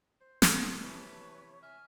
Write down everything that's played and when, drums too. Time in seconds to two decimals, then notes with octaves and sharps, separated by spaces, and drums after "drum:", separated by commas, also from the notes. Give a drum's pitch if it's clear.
0.21 C5
0.42 D3 E3 A4 C#5 A5, drum: snare
0.82 C3 E3 B4 C#5
1.63 E5 G#5 F6